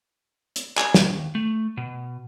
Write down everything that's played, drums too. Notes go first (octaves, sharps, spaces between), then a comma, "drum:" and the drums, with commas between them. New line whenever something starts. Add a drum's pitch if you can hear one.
drum: hi-hat
G#5, drum: clap
D#2, drum: snare
A3
B2